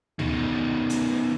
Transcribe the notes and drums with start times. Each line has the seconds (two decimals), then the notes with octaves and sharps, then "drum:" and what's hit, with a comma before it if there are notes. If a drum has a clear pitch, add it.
0.19 B2 D#3, drum: tom D2
0.90 drum: hi-hat